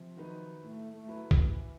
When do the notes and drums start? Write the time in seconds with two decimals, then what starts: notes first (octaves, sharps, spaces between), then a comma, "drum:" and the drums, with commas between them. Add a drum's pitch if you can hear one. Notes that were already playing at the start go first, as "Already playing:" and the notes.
Already playing: C3 F3
0.16 D#3 F#3 B3 D#4
0.62 A2 A3
0.93 A3
1.08 F#3 B3 E4
1.31 drum: kick
1.54 E3